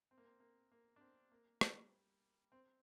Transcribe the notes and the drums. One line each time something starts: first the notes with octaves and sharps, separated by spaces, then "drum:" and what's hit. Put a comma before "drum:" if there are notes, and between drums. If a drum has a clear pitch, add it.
C4
A#3
C4
A#3
A#3
D4
C4
A#3
G3, drum: rim click
C4